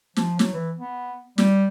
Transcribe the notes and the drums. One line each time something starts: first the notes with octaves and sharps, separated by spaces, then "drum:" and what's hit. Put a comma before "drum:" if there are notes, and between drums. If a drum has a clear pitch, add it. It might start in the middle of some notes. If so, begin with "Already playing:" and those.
F3, drum: snare
F#3, drum: snare
E3
B3
G3, drum: snare